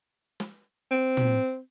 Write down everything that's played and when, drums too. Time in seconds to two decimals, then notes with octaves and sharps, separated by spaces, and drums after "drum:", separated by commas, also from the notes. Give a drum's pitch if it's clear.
0.40 drum: snare
0.91 C4
1.17 drum: tom